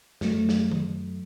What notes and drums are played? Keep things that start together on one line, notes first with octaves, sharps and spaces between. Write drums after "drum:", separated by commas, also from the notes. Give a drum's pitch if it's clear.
F#2 F#3 A3, drum: snare
drum: snare
drum: tom D#3